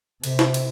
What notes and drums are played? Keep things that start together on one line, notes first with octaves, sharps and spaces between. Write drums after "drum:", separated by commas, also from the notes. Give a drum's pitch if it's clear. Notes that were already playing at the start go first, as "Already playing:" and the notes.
C3, drum: cymbal
drum: snare
drum: cymbal